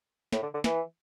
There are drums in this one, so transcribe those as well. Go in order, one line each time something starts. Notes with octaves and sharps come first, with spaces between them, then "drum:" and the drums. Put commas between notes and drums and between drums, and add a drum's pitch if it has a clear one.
A2, drum: snare
D3
D3
E3, drum: snare